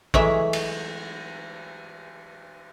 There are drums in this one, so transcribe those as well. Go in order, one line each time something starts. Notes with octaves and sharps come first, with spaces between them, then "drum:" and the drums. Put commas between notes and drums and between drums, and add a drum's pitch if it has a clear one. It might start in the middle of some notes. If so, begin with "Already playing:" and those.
E3 F#3 G#3 A3 E5, drum: kick
drum: cymbal